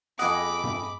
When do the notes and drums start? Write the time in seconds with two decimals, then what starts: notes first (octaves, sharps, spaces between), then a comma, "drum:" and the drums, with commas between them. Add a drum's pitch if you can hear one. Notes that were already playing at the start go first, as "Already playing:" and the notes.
0.19 F2 G#4 D#5 F#5 B5 D6, drum: hi-hat
0.64 drum: tom G2